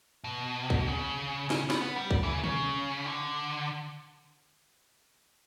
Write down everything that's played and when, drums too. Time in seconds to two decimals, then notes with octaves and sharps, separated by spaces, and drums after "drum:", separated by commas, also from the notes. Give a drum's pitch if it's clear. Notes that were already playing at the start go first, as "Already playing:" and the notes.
0.24 B2
0.70 drum: kick
0.87 C#3
1.50 C#3, drum: snare
1.70 B3, drum: snare
1.81 B3
1.96 G3
2.11 drum: kick
2.23 E3
2.33 C#3
2.44 C#3, drum: tom
3.06 D3